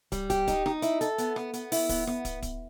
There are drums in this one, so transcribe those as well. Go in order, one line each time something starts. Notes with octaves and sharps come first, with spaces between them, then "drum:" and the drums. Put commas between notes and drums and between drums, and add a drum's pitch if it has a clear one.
G3, drum: kick, hi-hat
G4, drum: kick, hi-hat
D#4, drum: kick, hi-hat
D#4, drum: rim click
E4, drum: hi-hat
A4, drum: hi-hat
B3, drum: hi-hat
B3, drum: rim click
B3, drum: hi-hat
E4, drum: open hi-hat
B3, drum: kick, open hi-hat
B3, drum: rim click
drum: kick, hi-hat
drum: kick, hi-hat